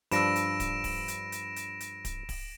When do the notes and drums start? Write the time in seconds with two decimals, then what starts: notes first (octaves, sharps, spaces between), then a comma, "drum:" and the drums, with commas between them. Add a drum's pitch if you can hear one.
0.11 G2 F3 D4 B5 E6 A#6 D7 E7, drum: hi-hat
0.36 drum: hi-hat
0.60 drum: kick D1, hi-hat
0.84 drum: kick D1, open hi-hat
1.08 drum: hi-hat
1.32 drum: hi-hat
1.56 drum: hi-hat
1.80 drum: hi-hat
2.05 drum: kick D1, hi-hat
2.29 drum: kick D1, open hi-hat